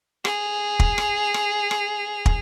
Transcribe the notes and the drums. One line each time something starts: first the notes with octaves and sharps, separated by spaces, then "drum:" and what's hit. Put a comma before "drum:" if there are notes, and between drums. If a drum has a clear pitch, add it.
G#4 F7, drum: rim click
drum: kick
drum: rim click
drum: rim click
drum: rim click
drum: kick